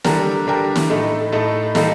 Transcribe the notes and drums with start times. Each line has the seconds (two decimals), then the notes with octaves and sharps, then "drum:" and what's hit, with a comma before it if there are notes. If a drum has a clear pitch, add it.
0.04 D3 G3 D4 G4 A#4, drum: snare
0.47 D3 G3 D4 G4 A#4
0.76 drum: snare
0.90 A2 A3 D#4 A4
1.32 A2 A3 D#4 A4
1.75 G3 A#3 D#4 A4, drum: snare